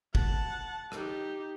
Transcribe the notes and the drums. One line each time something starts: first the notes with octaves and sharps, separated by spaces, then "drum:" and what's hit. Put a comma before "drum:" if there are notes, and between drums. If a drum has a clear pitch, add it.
F#5 A5, drum: kick
D#4 G4, drum: rim click